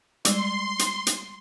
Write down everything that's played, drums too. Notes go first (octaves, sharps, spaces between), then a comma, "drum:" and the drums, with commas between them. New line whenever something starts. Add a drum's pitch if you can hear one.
G3 G#3 C6, drum: hi-hat
drum: hi-hat
drum: hi-hat